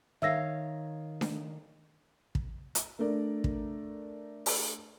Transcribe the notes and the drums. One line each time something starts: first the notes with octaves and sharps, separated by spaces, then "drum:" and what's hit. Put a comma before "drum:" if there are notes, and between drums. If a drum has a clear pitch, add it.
D#3 C#5 E5 F5 E6 A#6
drum: snare D4
drum: kick
drum: hi-hat
A3 D4 A#4 D5
drum: kick
drum: open hi-hat